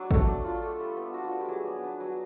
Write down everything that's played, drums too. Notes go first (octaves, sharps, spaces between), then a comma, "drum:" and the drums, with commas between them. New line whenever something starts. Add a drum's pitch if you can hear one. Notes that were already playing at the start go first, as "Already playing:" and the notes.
Already playing: F#3 D4
A3 A4, drum: kick A1
D4
F4
A3
G3
B3
D4 F#4
F4
G3 F#4
G4
F#3 G#4
B3
D4 B4
F#3